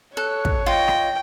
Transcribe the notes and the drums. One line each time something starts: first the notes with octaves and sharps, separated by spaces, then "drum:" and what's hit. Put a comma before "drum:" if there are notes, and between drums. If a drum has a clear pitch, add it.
A4 C#5 F#6
drum: kick
F4 D#5 G5
drum: rim click